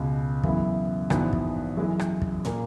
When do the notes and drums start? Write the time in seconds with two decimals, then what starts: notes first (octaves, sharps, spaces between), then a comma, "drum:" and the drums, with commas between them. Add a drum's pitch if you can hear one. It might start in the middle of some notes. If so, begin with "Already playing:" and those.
Already playing: C#2 B2 G#3
0.44 F#2 C#3 E3 B3 E4, drum: kick
1.10 A#1 G#2 E3 B3 F#4, drum: rim click
1.33 drum: kick
1.77 F#2 E3 G#3
1.99 drum: rim click
2.22 drum: kick
2.45 A#2 A#3, drum: tom